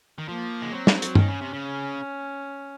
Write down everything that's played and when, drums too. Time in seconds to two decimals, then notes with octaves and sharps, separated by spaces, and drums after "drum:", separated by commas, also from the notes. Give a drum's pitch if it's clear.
0.18 D#3
0.28 F3 A#3
0.62 G#3
0.72 F#3 C4
0.87 drum: snare
1.02 drum: hi-hat
1.15 D#3 C#4, drum: tom G2
1.29 C#3
1.41 C3
1.53 C#3